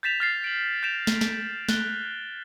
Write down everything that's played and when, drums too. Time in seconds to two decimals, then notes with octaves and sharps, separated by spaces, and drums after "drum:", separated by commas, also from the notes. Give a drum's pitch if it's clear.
0.03 G6 A6 B6 E7 F7
0.20 F6 A6 C7
0.44 D7 F#7
0.83 G6 A#6 D7 E7 F7
1.07 drum: snare
1.21 drum: snare
1.69 F#6 A6 G7, drum: snare